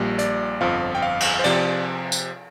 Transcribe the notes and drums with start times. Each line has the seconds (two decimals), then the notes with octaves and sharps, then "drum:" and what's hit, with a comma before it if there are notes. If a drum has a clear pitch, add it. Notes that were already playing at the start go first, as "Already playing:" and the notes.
Already playing: A#1 A#2 G3
0.19 D5, drum: hi-hat
0.61 G1 F2 F3 F5
0.95 G5
1.02 F5
1.21 drum: cymbal
1.39 C5
1.44 C3 F3 D5, drum: cymbal
2.12 drum: tambourine